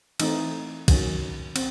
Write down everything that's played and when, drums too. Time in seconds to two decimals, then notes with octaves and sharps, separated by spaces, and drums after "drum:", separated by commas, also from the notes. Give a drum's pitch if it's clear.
0.20 E3 A3 C4 D#4, drum: cymbal
0.88 D#3 F#3 C#4, drum: kick, cymbal
1.56 C4, drum: cymbal